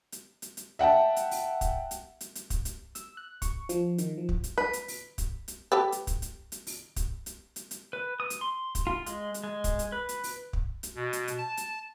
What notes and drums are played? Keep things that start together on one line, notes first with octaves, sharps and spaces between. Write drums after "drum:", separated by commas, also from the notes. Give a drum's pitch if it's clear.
drum: hi-hat
drum: hi-hat
drum: hi-hat
E5 F#5 G5 A5
drum: hi-hat
drum: open hi-hat
drum: kick, hi-hat
drum: hi-hat
drum: hi-hat
drum: hi-hat
drum: kick, hi-hat
drum: hi-hat
E6, drum: hi-hat
F#6
C#6, drum: kick, hi-hat
F3, drum: hi-hat
D#3, drum: hi-hat
F3
drum: kick
drum: hi-hat
B4
drum: hi-hat
drum: open hi-hat
drum: kick, hi-hat
drum: hi-hat
G4 A4 B4
drum: hi-hat
drum: kick, hi-hat
drum: hi-hat
drum: hi-hat
drum: open hi-hat
drum: kick, hi-hat
drum: hi-hat
drum: hi-hat
drum: hi-hat
B4
D#6
drum: hi-hat
C6
drum: kick, hi-hat
F4
G#3, drum: hi-hat
drum: hi-hat
G#3
drum: kick, hi-hat
drum: hi-hat
B4
drum: hi-hat
drum: open hi-hat
drum: kick
drum: hi-hat
B2
drum: hi-hat
drum: hi-hat
A5
drum: hi-hat